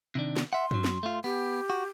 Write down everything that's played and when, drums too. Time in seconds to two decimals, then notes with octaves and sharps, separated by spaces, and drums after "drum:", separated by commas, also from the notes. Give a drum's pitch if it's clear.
0.15 C3 D#3 D4
0.36 drum: snare
0.53 E5 F#5 C6
0.71 F#2 F#3, drum: tom
0.84 drum: snare
1.03 A3 F4
1.24 B3 G4
1.70 F#4